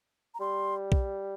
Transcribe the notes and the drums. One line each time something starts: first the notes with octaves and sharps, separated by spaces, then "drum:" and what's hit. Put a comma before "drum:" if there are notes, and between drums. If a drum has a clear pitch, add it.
A#5
G3 C6
drum: kick